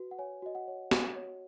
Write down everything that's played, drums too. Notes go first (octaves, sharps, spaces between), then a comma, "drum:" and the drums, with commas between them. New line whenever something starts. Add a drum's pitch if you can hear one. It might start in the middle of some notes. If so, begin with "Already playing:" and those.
Already playing: F#4 B4
F#5
C#5 G#5
F#4 D#5
F#5
C#5
F#4, drum: snare
C#5